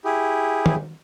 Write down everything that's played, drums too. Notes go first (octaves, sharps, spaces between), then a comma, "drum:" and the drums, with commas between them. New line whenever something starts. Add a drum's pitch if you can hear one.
E4 G4 G#4
drum: tom